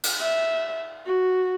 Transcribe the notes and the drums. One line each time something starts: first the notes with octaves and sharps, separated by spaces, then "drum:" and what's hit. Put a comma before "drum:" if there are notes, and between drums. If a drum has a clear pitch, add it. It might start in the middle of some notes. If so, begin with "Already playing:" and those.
drum: cymbal
E5
F#4